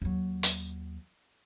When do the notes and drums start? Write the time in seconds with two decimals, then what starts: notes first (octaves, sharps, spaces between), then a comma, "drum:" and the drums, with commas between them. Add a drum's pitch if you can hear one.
0.02 D#2 F#3
0.43 drum: hi-hat